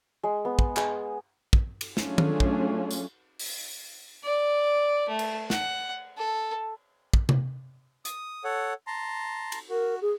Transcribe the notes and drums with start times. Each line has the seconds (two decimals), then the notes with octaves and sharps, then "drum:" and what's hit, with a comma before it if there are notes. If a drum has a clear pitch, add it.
0.23 G#3
0.45 B3
0.59 drum: kick
0.77 G#3, drum: clap
1.53 drum: kick
1.81 drum: cymbal
1.97 F#3 A3 C#4 D4 F4 G#4, drum: snare
2.18 drum: tom D#3
2.40 drum: kick
2.91 drum: tambourine
3.39 drum: open hi-hat
4.24 D5
5.08 A3
5.19 drum: cymbal
5.50 F#5, drum: snare
6.17 A4
7.13 drum: kick
7.29 drum: tom C3
8.05 D#6, drum: hi-hat
8.44 A4 C#5 F#5
8.87 A5 A#5 C6
9.52 drum: cymbal
9.70 F#4 A#4
10.02 G#4